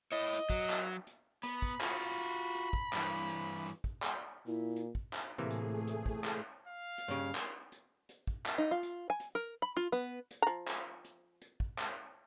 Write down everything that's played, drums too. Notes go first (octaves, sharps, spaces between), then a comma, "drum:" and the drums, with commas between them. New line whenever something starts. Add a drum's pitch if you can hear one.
E4 C#5 D#5
drum: hi-hat
F#3, drum: kick
drum: clap
drum: hi-hat
B3 B5, drum: hi-hat
drum: kick
F4 F#4, drum: clap
drum: hi-hat
drum: hi-hat
drum: kick
G2 E3, drum: clap
drum: hi-hat
drum: hi-hat
drum: kick
drum: clap
A#2 E4
drum: hi-hat
drum: kick
drum: clap
A2 C3 E3 A3 A#3 G#4
drum: hi-hat
drum: hi-hat
drum: kick
drum: clap
F5
drum: hi-hat
G2 C#3
drum: clap
drum: hi-hat
drum: hi-hat
drum: kick
drum: clap
D#4
F4
drum: hi-hat
G#5
drum: hi-hat
A#4
B5
F4
B3, drum: hi-hat
drum: hi-hat
F3 A#5
drum: clap
drum: hi-hat
drum: hi-hat
drum: kick
drum: clap